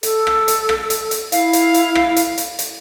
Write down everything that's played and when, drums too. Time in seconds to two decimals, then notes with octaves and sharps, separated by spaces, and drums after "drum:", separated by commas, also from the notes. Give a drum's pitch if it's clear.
0.03 A4, drum: hi-hat
0.27 drum: rim click
0.48 drum: hi-hat
0.69 drum: rim click
0.90 drum: hi-hat
1.11 drum: hi-hat
1.32 E4 F5, drum: hi-hat
1.53 drum: hi-hat
1.74 drum: hi-hat
1.95 drum: rim click
2.16 drum: hi-hat
2.38 drum: hi-hat
2.59 drum: hi-hat